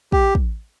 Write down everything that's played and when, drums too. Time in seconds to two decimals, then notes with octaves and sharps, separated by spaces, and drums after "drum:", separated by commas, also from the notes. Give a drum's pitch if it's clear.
0.12 G4, drum: kick
0.35 drum: kick